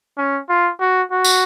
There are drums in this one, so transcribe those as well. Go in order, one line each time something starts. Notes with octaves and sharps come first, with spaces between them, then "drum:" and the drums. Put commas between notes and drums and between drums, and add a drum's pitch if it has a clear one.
C#4
F4
F#4
F#4
drum: tambourine